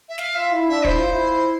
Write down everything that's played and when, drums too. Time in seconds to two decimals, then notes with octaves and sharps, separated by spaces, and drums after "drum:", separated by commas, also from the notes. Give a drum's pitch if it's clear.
0.08 E5
0.18 F5, drum: snare
0.35 F4 E5
0.51 E4
0.68 D4 E5
0.85 E4 C5, drum: kick
0.97 F4
1.09 E4